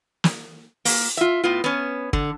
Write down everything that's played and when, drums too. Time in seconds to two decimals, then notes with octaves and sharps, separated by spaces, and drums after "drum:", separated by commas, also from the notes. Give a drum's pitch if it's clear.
0.24 drum: snare
0.85 A#3, drum: open hi-hat
1.17 F4 E5
1.44 A2 B3 F4
1.64 B3 C#4
2.13 D3, drum: kick